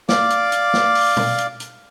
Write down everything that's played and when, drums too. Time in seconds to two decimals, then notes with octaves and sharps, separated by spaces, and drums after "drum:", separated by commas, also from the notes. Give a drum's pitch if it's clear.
0.09 D5 F5 D6, drum: snare
0.30 drum: hi-hat
0.52 drum: hi-hat
0.74 drum: snare
0.95 drum: open hi-hat
1.17 drum: tom
1.38 drum: hi-hat
1.60 drum: hi-hat